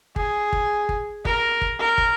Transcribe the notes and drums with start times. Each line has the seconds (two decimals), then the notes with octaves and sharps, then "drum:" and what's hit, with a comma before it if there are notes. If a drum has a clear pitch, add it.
0.16 G#4, drum: kick
0.53 drum: kick
0.89 drum: kick
1.25 A#4, drum: kick
1.61 drum: kick
1.79 A#4
1.98 drum: kick